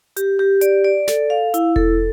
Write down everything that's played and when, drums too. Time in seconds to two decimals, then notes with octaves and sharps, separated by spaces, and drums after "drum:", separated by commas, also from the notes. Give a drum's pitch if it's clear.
0.17 G4, drum: hi-hat
0.39 G4
0.61 D5, drum: hi-hat
0.84 D5
1.08 A4, drum: snare
1.30 F5
1.54 E4, drum: hi-hat
1.76 A4, drum: kick E1